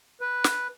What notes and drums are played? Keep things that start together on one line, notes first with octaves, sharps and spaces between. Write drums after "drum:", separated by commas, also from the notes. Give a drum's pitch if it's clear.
B4
drum: snare